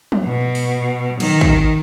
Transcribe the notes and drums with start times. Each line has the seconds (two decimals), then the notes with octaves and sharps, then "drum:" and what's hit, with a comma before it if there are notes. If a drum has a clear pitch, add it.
0.12 drum: tom
0.25 B2
0.55 drum: open hi-hat
1.20 D#3, drum: cymbal
1.41 drum: kick